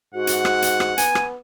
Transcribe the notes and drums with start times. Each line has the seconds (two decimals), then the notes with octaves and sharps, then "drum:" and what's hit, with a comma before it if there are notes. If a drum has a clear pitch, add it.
0.14 G#2 F#4 F#5
0.27 drum: hi-hat
0.45 drum: rim click
0.62 drum: hi-hat
0.80 drum: rim click
0.98 B3 G#5, drum: hi-hat
1.15 drum: rim click